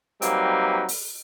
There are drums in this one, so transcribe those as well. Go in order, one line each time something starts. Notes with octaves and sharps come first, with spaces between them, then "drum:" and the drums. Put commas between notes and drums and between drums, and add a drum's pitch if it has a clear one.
F#3 G3 A#3 C4 D#4 B4, drum: hi-hat
drum: open hi-hat